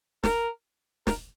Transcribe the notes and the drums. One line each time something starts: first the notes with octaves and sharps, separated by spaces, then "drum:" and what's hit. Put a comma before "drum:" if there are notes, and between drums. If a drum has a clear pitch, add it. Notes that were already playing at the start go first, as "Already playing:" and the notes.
A#4, drum: snare
A#4, drum: snare